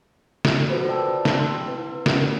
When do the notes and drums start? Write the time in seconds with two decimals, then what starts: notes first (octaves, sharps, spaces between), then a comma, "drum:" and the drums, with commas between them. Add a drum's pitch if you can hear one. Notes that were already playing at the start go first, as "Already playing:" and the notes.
0.45 drum: snare
0.70 F4 F#4 A4 B4 C5
0.87 A#4 D5 G5 A5 E6
1.25 drum: snare
1.39 C6 E6
1.66 C4 E4 B4
2.06 A3 C#4 A#4 F#5, drum: snare